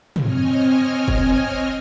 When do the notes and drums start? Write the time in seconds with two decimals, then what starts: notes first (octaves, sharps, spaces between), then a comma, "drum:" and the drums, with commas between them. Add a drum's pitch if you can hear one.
0.16 C4 C#5 D#5 G#5 F6, drum: tom
1.08 drum: kick